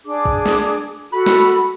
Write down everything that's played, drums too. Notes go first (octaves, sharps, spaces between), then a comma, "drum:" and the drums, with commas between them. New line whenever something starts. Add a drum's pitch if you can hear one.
D4 G#4 D6
drum: kick
drum: snare
F#4 A4 B5
drum: snare